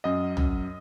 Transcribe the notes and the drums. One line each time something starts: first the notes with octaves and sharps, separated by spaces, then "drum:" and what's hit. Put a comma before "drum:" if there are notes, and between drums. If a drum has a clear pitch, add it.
F#2 D#5
F#2, drum: tom